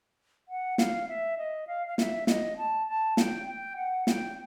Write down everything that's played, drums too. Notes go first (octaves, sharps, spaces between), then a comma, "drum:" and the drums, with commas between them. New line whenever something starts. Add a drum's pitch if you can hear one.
F#5
F5, drum: snare
E5
D#5
F5
F5
E5, drum: snare
D#5, drum: snare
A5
A5
G5, drum: snare
G5
F#5
G5, drum: snare